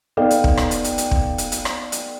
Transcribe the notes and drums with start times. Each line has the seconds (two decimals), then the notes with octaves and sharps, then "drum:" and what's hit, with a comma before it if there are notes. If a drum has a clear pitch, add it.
0.17 B3 D#4 A4 D5 F5 G5
0.31 drum: hi-hat
0.44 drum: kick
0.57 drum: rim click
0.71 drum: hi-hat
0.84 drum: hi-hat
0.98 drum: hi-hat
1.11 drum: kick
1.38 drum: hi-hat
1.52 drum: hi-hat
1.65 drum: rim click
1.92 drum: hi-hat